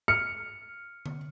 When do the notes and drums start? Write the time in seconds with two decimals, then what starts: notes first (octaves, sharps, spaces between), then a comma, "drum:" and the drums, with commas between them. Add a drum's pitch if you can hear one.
0.08 F6 C#7
1.06 drum: tom D3